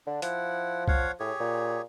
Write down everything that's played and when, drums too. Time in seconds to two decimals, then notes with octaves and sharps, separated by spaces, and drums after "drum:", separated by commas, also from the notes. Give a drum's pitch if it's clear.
0.06 D3 D4
0.22 F3 E4 F#5, drum: hi-hat
0.88 C#5 F5 F#5, drum: kick C2
1.20 A2 G4 G#4 C#5
1.40 A#2